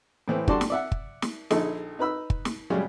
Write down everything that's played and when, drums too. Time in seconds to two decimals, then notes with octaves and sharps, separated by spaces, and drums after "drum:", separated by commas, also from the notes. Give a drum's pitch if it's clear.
0.28 A2 E3 C4
0.48 D3 G3 F#4 D5 A5 C6, drum: kick
0.61 drum: snare
0.70 D5 E5 F#5
0.92 drum: kick
1.22 drum: snare
1.51 A#1 D3 D#4 G#4 A4, drum: snare
1.99 D#4 B4 B5 E6
2.30 drum: kick
2.45 drum: snare
2.70 F#2 C#3 G3 G#3